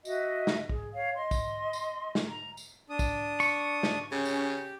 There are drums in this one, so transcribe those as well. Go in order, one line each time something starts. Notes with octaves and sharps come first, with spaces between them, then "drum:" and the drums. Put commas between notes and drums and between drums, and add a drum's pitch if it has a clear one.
F#4 D#5 E5, drum: tambourine
drum: snare
G#4, drum: kick
C#5 F5
D#5 C6
drum: kick, tambourine
drum: tambourine
drum: snare
A#5
drum: tambourine
D4 D#6
drum: kick, tambourine
C#6, drum: tambourine
drum: snare
C#3 C#4 G4
drum: tambourine